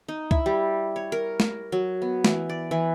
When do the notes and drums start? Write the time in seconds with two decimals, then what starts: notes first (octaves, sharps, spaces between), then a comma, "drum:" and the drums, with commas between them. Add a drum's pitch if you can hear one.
0.08 D#4
0.31 E4, drum: kick C#2
0.46 G3
0.96 C#5
1.12 A#4
1.40 drum: snare
1.72 F#3
2.02 B3
2.24 E3, drum: snare
2.49 D5
2.71 E3